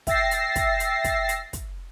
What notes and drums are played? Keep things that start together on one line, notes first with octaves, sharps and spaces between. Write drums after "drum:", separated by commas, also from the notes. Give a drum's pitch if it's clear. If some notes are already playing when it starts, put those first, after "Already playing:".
E5 G5 E6 A6 A#6 C7, drum: kick, hi-hat
drum: hi-hat
drum: kick, hi-hat
drum: hi-hat
drum: kick, hi-hat
drum: hi-hat
drum: kick, hi-hat